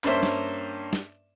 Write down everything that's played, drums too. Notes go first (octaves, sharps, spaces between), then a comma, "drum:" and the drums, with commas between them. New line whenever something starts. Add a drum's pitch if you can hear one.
G2 A#3 C#4 C5 E5 C6, drum: clap
drum: snare
drum: snare